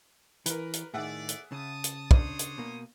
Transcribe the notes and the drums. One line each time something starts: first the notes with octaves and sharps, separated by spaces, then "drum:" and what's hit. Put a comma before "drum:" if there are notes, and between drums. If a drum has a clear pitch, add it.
E3 A#4 B4, drum: hi-hat
drum: hi-hat
A2 D#3 G#4 D5 E5 F#5
drum: hi-hat
C#3 A5 D#6
drum: hi-hat
D4 C5 C#5 D#6, drum: kick
drum: hi-hat
B2 A#3